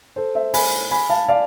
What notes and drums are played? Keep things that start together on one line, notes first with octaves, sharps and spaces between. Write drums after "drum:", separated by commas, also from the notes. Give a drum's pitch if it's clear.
A4 C5
C5 E5
G#5 B5, drum: open hi-hat
G#5 B5
F5 A5
D5 F5